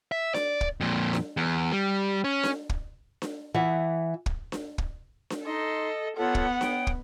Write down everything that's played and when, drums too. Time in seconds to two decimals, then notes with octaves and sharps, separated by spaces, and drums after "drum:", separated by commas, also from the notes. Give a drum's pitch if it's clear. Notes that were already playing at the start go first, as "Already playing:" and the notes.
0.12 E5
0.34 D5, drum: snare D4
0.61 drum: kick
0.80 F2 A#2
1.13 drum: snare D4
1.37 E2
1.72 G3
2.24 C#4
2.43 drum: snare D4
2.69 drum: kick
3.22 drum: snare D4
3.54 E3 E5 F#5
4.26 drum: kick
4.52 drum: snare D4
4.78 drum: kick
5.30 drum: snare D4
5.46 D#4 A4 D#5 C6
6.17 B3 F4 A4 C#5 F#5
6.35 drum: kick
6.61 C#5 G5 D#6, drum: snare D4
6.87 drum: kick